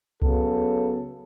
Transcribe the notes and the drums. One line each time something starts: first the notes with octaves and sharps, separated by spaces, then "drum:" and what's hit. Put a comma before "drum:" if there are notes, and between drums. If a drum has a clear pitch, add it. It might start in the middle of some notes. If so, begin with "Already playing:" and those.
C#3 F#3 B3 A4, drum: kick C2